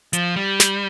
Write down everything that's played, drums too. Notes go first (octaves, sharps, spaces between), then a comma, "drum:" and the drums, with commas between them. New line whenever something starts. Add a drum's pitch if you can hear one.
F3, drum: hi-hat
G3
drum: snare